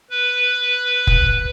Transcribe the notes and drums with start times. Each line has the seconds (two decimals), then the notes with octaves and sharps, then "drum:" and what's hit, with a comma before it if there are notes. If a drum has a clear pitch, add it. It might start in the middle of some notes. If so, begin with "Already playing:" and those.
0.10 B4
1.07 drum: kick